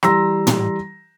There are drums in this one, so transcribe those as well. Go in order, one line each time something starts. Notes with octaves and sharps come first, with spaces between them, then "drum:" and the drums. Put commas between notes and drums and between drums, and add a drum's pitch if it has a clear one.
E3 G3 A#5 C6 E6 A#6, drum: rim click
drum: tom